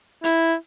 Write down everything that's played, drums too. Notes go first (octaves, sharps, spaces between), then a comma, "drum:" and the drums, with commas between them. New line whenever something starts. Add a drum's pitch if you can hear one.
E4, drum: hi-hat